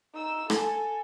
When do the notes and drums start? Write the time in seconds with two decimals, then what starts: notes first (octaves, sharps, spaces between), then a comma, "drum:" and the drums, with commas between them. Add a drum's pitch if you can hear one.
0.14 D#4 E6
0.50 A4 G#5, drum: rim click